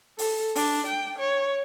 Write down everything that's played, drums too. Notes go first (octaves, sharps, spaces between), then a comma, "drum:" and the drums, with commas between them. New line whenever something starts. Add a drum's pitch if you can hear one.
A4, drum: open hi-hat
D4, drum: open hi-hat
G5
C#5